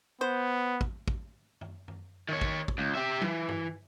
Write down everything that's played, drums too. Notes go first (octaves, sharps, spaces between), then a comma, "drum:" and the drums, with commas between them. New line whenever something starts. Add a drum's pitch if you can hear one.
B3 C5
drum: kick
drum: kick
drum: tom F#2
drum: tom F#2
D#3 C#5
drum: kick
drum: kick
C#2
G4 E5
E3, drum: tom F#3
drum: tom